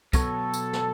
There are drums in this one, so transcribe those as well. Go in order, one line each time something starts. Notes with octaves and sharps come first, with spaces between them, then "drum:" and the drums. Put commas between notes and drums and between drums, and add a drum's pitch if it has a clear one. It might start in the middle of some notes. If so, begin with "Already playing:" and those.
B2 F#3 B3 F#4 A4 C#5, drum: kick, tambourine
drum: tambourine
drum: snare